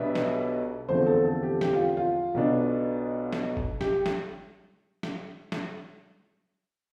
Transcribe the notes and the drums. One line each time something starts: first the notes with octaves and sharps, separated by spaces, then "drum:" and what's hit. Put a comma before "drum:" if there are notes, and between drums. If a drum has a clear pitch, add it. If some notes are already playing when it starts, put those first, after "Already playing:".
Already playing: B1 B2 G3 B3 D4 E5
drum: snare
E2 D3 F3 A3 C4 C5
A4
A4
G4
G4, drum: snare
F4
F4
B1 B2 B3 D4
drum: snare
drum: kick G1
G4, drum: snare
drum: snare
drum: snare
drum: snare